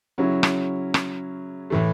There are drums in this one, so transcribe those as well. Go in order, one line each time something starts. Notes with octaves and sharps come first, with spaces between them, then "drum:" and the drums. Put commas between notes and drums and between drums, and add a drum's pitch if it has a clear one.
C#3 F#3 C#4 E4
drum: rim click
drum: rim click
A2 E3 A3